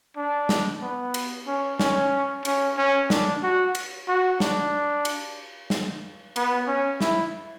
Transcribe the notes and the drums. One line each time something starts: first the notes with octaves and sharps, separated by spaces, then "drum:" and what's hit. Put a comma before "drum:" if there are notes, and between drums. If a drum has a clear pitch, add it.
D4
drum: snare
B3
drum: cymbal
C#4
C#4, drum: snare
C#4, drum: cymbal
C#4
D4, drum: snare
F#4
drum: cymbal
F#4
D4, drum: snare
drum: cymbal
drum: snare
B3, drum: cymbal
C#4
E4, drum: snare